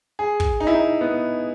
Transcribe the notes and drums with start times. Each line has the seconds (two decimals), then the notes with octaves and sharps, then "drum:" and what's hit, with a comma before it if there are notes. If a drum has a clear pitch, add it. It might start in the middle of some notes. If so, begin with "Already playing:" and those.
0.19 G#4
0.40 drum: kick
0.60 D#4
0.67 E4
0.75 D#4
1.01 B3